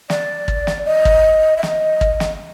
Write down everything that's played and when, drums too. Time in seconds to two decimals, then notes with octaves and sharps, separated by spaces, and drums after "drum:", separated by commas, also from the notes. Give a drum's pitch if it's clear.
0.10 D5, drum: snare
0.48 drum: kick
0.67 drum: snare
0.86 D#5
1.05 drum: kick
1.57 E5
1.63 D#5, drum: snare
2.01 drum: kick
2.20 drum: snare